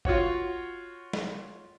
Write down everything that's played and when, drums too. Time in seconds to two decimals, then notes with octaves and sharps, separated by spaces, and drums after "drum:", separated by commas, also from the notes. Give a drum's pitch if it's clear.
0.05 F4 F#4 C#5 F#5, drum: kick
1.13 drum: snare